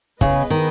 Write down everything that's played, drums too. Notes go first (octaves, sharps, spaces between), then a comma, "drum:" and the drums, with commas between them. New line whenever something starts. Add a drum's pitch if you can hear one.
C#3 B3 G#4 B4 D#5, drum: kick
D#3